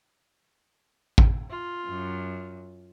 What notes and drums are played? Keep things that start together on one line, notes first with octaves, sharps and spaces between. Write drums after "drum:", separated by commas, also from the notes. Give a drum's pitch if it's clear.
drum: kick A1
F4
F#2